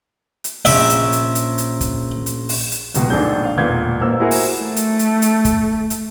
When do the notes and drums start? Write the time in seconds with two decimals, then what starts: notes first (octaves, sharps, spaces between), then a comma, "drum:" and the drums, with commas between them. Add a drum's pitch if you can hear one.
0.44 drum: hi-hat
0.65 A#1 C#4 E5 D7, drum: open hi-hat
0.90 drum: hi-hat
1.12 drum: hi-hat
1.35 drum: hi-hat
1.58 drum: hi-hat
1.81 drum: kick, hi-hat
2.26 drum: hi-hat
2.49 drum: open hi-hat
2.72 drum: hi-hat
2.94 D1 C#2 B2, drum: hi-hat
3.10 A#1 G#2 D4 G#4 A4 G6
3.45 F5
3.57 E1 A#2 B3 F5 G6 G#6
4.01 A1 A#3 C5 E6
4.20 E4 F#4 G#4 A#4 C5
4.31 drum: open hi-hat
4.62 A3
4.76 drum: hi-hat
4.99 drum: hi-hat
5.22 drum: hi-hat
5.45 drum: kick, hi-hat
5.90 drum: hi-hat